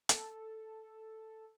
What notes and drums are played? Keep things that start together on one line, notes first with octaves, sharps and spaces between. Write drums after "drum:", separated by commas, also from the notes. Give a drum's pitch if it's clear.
A4, drum: hi-hat